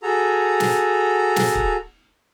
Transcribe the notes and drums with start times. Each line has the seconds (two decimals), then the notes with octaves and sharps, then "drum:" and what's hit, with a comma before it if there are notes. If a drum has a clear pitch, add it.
0.03 F#4 G#4 A4 A#5
0.60 drum: snare
1.36 drum: snare
1.55 drum: kick C#1